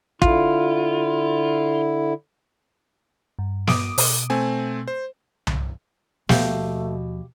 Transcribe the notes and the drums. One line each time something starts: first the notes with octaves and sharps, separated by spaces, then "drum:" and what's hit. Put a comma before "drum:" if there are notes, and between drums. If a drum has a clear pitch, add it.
D3 E4 F4, drum: kick
G2
D6 D#6 D7, drum: snare
B2, drum: open hi-hat
A3 C4 G#5
C5
drum: tom C2
D#2 B2 F3 A3 G4 F5, drum: snare